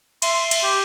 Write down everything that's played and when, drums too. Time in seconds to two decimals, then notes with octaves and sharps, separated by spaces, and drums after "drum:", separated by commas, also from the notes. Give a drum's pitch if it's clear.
0.22 E5 C6, drum: cymbal
0.51 drum: cymbal
0.63 G4